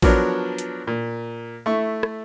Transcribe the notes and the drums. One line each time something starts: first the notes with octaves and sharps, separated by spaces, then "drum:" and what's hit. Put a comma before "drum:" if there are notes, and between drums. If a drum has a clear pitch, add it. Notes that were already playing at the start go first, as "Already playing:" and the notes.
F3 F#3 B3 D4 A#4 C#5, drum: kick A1, open hi-hat
drum: hi-hat
A#2
A3 E4 C#6
drum: rim click